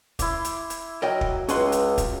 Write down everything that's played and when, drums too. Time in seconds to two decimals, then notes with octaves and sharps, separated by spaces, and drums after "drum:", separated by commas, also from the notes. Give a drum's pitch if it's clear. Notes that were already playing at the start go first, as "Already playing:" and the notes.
0.19 E4 C6 D6, drum: kick, hi-hat
0.44 drum: hi-hat
0.70 drum: hi-hat
1.02 F#3 A#4 D#5 G5
1.21 drum: kick
1.49 C#2 C#4 B4 C6, drum: hi-hat
1.72 drum: hi-hat
1.98 drum: kick, hi-hat